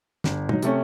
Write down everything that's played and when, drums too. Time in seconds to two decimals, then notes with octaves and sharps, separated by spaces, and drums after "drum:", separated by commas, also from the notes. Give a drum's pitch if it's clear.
0.24 G1, drum: snare
0.49 F#3 D#4, drum: tom
0.62 C3 A3 C#4, drum: hi-hat